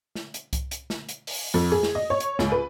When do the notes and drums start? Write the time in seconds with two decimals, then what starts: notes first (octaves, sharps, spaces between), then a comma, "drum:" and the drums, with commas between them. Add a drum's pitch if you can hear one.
0.15 drum: snare
0.34 drum: hi-hat
0.53 drum: kick C2, hi-hat
0.71 drum: hi-hat
0.90 drum: snare
1.09 drum: hi-hat
1.27 drum: open hi-hat
1.54 F2
1.72 G#4
1.83 drum: snare
1.95 D#5
2.10 C#5
2.20 drum: hi-hat
2.39 C#2, drum: snare
2.52 B4